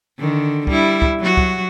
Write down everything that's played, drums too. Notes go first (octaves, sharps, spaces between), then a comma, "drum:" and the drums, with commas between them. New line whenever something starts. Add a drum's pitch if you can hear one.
D3 D#3
G3 E4, drum: kick C#2
drum: kick C#2
F#3 F#4
drum: kick C#2